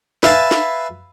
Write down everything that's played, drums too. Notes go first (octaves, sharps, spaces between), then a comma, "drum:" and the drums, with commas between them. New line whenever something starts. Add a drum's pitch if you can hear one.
B4 E5 F5 G#5 A5, drum: snare
drum: snare